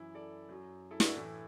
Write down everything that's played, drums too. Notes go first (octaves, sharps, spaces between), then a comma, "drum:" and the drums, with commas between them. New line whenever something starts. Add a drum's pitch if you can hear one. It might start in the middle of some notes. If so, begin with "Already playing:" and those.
Already playing: F#2 E3 E4
A4 D5
F#2 F#3
E4 A4
D4 F#4, drum: snare
E4 A4
A2 E3